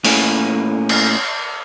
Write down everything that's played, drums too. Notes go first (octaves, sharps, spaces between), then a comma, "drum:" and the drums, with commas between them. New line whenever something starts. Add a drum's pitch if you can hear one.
A2 A#3 C#4, drum: open hi-hat
drum: cymbal